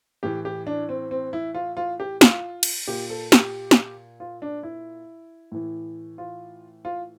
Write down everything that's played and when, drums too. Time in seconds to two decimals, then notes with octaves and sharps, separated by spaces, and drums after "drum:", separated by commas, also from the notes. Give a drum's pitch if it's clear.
0.23 A2 E3 G4
0.45 G4
0.67 D4
0.89 C4
1.11 C4
1.33 E4
1.55 F4
1.77 F4
2.00 G4
2.21 F4, drum: snare
2.63 drum: cymbal
2.88 A#2 G4
3.10 A4
3.32 G4, drum: snare
3.71 drum: snare
4.20 F4
4.42 D4
4.63 E4
5.52 A2 E3
6.18 F4
6.85 F4